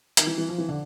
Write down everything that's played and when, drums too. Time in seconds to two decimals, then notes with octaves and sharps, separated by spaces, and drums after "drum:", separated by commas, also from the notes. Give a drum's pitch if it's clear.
0.17 D#3, drum: hi-hat
0.27 E3
0.38 E3
0.49 F3
0.58 E3
0.69 D3